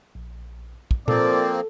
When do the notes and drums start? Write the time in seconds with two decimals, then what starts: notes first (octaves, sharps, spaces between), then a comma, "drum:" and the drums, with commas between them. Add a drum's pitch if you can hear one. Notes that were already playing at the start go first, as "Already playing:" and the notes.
0.15 A#1
0.91 drum: kick
1.08 F3 A#3 C4 A4 D5, drum: tom A#2